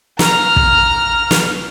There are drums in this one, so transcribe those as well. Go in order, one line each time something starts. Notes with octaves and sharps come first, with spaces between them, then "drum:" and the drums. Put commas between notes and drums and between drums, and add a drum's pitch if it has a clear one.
A#5 F6, drum: snare
drum: kick
drum: snare